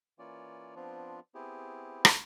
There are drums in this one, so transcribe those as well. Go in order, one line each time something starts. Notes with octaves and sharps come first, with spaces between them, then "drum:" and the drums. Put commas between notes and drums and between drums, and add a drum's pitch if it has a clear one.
E3 A#3 C#4 F4 D5
F3 B3 C4 D4 F4
B3 C4 E4 G4 G#4
drum: rim click